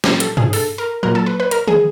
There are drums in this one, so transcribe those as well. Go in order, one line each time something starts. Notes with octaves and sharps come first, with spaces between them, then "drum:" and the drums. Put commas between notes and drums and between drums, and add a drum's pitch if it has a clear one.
A#2 F3 G4, drum: snare
A4, drum: hi-hat
G#4, drum: tom
A4, drum: open hi-hat
A#4
A#2 F#3 A#4
A4
B4
B4
A#4, drum: hi-hat
G#4, drum: tom